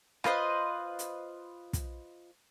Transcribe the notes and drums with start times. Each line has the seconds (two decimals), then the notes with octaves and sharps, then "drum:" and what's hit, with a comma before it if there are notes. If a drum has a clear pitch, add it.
0.24 F4 B4 C5 D#5, drum: rim click
0.99 drum: hi-hat
1.73 drum: kick, hi-hat